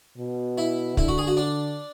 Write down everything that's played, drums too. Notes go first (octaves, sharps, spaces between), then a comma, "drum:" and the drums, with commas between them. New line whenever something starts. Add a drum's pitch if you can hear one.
B2
E4
D3 E4, drum: kick
F#4
G#4
F#4
D4